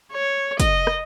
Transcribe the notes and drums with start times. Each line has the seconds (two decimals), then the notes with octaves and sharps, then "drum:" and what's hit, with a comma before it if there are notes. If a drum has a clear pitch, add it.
0.13 C#5
0.60 D#5, drum: kick, hi-hat
0.87 drum: rim click